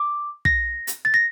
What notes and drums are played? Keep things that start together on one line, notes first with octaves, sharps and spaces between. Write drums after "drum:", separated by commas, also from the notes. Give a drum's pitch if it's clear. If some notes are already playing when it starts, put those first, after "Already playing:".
Already playing: D6
A#6, drum: kick
drum: hi-hat
A6
A#6